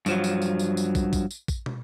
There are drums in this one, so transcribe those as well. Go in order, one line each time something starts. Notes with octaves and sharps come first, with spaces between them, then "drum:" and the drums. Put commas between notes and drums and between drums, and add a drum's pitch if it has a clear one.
G2 F3 F#3, drum: tambourine
drum: tambourine
drum: tambourine
drum: tambourine
drum: tambourine
drum: kick, tambourine
drum: kick, tambourine
drum: tambourine
drum: kick, tambourine
drum: tom